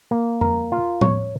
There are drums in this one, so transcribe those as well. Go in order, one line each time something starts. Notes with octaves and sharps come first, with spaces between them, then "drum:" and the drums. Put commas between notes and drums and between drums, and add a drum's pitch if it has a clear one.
A#3
A#4, drum: tom F2
F4
C#5, drum: tom A2